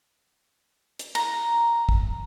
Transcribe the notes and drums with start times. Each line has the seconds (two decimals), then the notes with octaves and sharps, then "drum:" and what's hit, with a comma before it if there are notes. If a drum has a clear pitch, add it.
0.99 drum: hi-hat
1.15 A#5, drum: cymbal
1.89 drum: kick